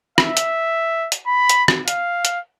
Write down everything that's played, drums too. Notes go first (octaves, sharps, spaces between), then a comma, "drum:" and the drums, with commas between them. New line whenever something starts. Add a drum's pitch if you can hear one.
E5, drum: rim click
drum: hi-hat
drum: hi-hat
B5
drum: hi-hat
drum: rim click
F5, drum: hi-hat
drum: hi-hat